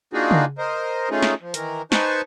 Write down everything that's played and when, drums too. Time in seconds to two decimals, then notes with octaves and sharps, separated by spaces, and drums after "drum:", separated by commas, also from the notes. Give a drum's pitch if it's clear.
0.13 A#3 D4 D#4 F4 F#4 G#4
0.31 drum: tom C#3
0.58 A#4 C5 D#5
1.10 A3 C#4 D#4 F4 G#4
1.23 drum: snare
1.42 F3
1.54 D#3 E3 A#4, drum: hi-hat
1.92 D#4 B4 C5 G#5 A5 C#6, drum: snare